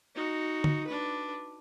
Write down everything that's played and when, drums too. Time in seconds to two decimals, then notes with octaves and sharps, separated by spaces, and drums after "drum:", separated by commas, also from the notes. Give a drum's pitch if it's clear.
0.15 D#4 F#4
0.64 drum: tom D3
0.87 D4 B4